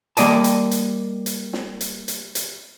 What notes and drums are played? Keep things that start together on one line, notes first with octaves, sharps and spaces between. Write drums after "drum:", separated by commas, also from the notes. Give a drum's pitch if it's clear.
G3 A#3 D5 D#5 A5, drum: hi-hat
drum: hi-hat
drum: hi-hat
drum: hi-hat
drum: snare
drum: hi-hat
drum: hi-hat
drum: hi-hat